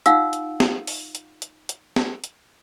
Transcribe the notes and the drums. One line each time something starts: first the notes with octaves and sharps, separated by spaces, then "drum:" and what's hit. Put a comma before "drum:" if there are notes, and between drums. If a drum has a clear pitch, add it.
D#4 F4 F5 F#5 E6, drum: hi-hat
drum: hi-hat
drum: snare
drum: open hi-hat
drum: hi-hat
drum: hi-hat
drum: hi-hat
drum: snare
drum: hi-hat